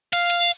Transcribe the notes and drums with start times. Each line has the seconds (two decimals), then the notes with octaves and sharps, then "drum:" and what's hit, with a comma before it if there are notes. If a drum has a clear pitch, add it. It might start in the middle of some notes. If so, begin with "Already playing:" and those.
0.13 F5, drum: cymbal
0.30 drum: cymbal